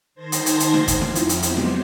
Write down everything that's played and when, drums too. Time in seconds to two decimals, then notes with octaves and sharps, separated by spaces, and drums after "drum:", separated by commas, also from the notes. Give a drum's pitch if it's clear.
0.15 D#3 C5 A5 C6 G#6 A#6
0.32 drum: hi-hat
0.46 drum: hi-hat
0.60 drum: hi-hat
0.74 drum: snare
0.88 drum: kick, hi-hat
1.01 F2 F3 E4, drum: snare
1.15 drum: hi-hat
1.29 drum: hi-hat
1.43 F#3 G#3 B3 C4 G4 C5, drum: hi-hat
1.57 drum: snare